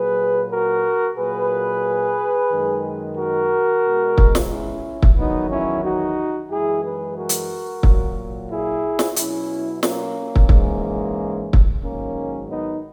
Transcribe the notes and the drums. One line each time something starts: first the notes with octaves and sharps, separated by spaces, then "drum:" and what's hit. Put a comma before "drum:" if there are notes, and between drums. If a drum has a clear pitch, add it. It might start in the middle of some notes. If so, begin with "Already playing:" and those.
Already playing: A#2 F#3 G#4 B4
F#4 A#4
A#2 F#3 G#4 B4
F#2 D#3 G#3
F#4 A#4
B2 G#3
drum: kick
drum: snare
C#4 E4
drum: kick
E2 D#3 F#3 B3 D#4
C#4 E4
D#4 F#4
F#2 E3 G#3 E4 G#4
G#4 B4
F#4 A#4
drum: hi-hat
A#2 F#3, drum: kick
E4 G#4
drum: snare
B2 F#3 C#4 E4, drum: hi-hat
A#3 C#4, drum: snare
drum: kick
G#2 E3 G#3, drum: kick
drum: kick
G#2 D#3 F#3 A#3 C#4
B3 D#4